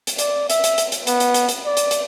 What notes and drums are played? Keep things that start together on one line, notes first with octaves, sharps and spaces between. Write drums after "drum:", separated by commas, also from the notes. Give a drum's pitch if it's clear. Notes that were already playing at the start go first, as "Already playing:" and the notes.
drum: hi-hat
D5, drum: hi-hat
E5, drum: hi-hat
drum: hi-hat
drum: hi-hat
drum: hi-hat
B3, drum: hi-hat
drum: hi-hat
drum: hi-hat
drum: hi-hat
D5
drum: hi-hat
drum: hi-hat